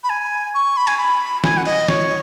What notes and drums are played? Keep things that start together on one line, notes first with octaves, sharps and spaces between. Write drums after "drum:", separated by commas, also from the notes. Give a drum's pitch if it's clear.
B5
G#5
C#6
B5
G#5, drum: cymbal
B5
G#5, drum: snare
F#5
D#5, drum: cymbal
C#5, drum: snare